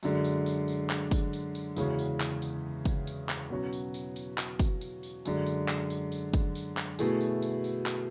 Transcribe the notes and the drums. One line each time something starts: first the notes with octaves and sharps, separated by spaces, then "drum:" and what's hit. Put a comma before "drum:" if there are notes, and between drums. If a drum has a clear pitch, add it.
F#2 D3 G#3, drum: tambourine
drum: tambourine
drum: tambourine
drum: tambourine
drum: clap
drum: kick, tambourine
drum: tambourine
drum: tambourine
E2 C#3 G#3 C#4 F#4, drum: tambourine
drum: tambourine
drum: clap
drum: tambourine
drum: kick, tambourine
drum: tambourine
drum: clap
B2 F#3 C#4 F#4
drum: tambourine
drum: tambourine
drum: tambourine
drum: clap
drum: kick, tambourine
drum: tambourine
drum: tambourine
F#2 D3 G#3, drum: tambourine
drum: tambourine
drum: clap
drum: tambourine
drum: tambourine
drum: kick, tambourine
drum: tambourine
drum: clap
B2 A3 E4 G#4, drum: tambourine
drum: tambourine
drum: tambourine
drum: tambourine
drum: clap